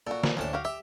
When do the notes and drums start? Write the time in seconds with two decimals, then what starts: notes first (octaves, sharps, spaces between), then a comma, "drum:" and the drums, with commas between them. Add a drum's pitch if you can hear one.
0.07 A#2 F#4 A4
0.24 A#3 B4 A5, drum: snare
0.37 D2 A2 C#4 D4 A5
0.53 F#4 G4 F5
0.65 G4 E5